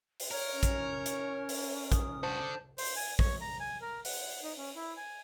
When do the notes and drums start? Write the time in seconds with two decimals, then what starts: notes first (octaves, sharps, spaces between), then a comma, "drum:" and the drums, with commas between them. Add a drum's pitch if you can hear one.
0.20 drum: open hi-hat
0.31 A#4 C#5
0.52 C#4
0.63 drum: kick, hi-hat
1.06 drum: hi-hat
1.49 drum: open hi-hat
1.92 D#6, drum: kick, hi-hat
2.23 G2 F#4 C5 A5
2.39 D3
2.78 C5, drum: open hi-hat
2.96 G#5
3.19 C#5, drum: kick
3.41 A#5
3.60 G#5
3.82 A#4
4.05 F#5, drum: open hi-hat
4.43 D#4
4.58 C#4
4.76 E4
4.97 G#5